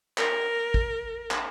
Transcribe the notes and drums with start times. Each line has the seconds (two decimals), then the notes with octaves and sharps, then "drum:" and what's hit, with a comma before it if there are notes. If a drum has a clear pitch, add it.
0.18 A#4, drum: clap
0.74 drum: kick
1.31 drum: clap